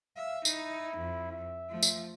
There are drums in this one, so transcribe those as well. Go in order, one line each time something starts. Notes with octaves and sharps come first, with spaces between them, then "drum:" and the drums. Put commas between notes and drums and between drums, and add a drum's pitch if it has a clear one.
E5 F5
D#4 E4, drum: tambourine
F2
E5
F3 A3
drum: tambourine